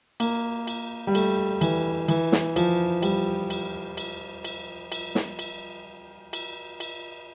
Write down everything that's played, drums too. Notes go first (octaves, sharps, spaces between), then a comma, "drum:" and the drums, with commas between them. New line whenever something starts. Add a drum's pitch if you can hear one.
A#3, drum: cymbal
drum: cymbal
G3
A3, drum: cymbal
E3, drum: cymbal
E3, drum: cymbal
drum: snare
F3, drum: cymbal
G3, drum: cymbal
drum: cymbal
drum: cymbal
drum: cymbal
drum: cymbal
drum: snare
drum: cymbal
drum: cymbal
drum: cymbal